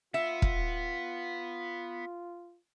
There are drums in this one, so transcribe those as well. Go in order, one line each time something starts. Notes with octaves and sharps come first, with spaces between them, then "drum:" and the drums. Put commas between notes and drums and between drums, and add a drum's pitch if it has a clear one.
B3 F4 E5
drum: kick E1